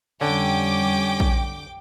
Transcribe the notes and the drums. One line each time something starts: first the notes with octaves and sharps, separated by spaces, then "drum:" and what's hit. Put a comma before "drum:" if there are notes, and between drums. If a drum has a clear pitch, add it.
F2 D3 G3 C#4 G5 D6
drum: kick A#1